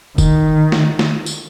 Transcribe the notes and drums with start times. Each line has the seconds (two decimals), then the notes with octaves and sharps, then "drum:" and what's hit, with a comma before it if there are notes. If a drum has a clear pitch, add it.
0.18 D#3, drum: kick F1, tambourine
0.72 drum: snare
0.99 drum: snare
1.26 drum: tambourine